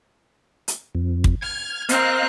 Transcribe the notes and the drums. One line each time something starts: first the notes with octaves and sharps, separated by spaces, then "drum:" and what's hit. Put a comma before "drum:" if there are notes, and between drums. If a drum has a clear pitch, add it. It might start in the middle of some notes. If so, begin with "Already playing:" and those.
drum: hi-hat
F2
drum: kick
F6 G#6
C4 A#4 D#5 F5 F6 F#6, drum: hi-hat